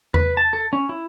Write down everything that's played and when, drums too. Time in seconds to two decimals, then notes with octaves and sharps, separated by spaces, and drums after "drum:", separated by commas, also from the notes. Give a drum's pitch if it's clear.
0.14 B4, drum: tom E2
0.37 A5
0.53 A4
0.73 C#4
0.89 E4